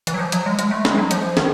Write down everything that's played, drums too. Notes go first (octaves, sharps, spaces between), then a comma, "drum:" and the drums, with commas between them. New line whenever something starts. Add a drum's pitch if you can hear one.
E3, drum: hi-hat
F#3
F3
F#3, drum: hi-hat
G#3
G#3, drum: hi-hat
A3
G#3, drum: snare
F#3
F3, drum: hi-hat
D#3, drum: snare